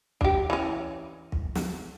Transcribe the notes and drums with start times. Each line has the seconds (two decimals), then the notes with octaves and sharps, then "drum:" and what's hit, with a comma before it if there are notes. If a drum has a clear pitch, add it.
0.21 D4 G4, drum: kick
0.50 E3 C#4
1.32 drum: kick
1.55 drum: snare